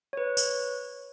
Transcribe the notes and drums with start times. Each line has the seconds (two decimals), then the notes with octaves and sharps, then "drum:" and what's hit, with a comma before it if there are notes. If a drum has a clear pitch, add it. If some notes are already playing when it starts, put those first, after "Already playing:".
0.13 B4 C#5
0.37 drum: tambourine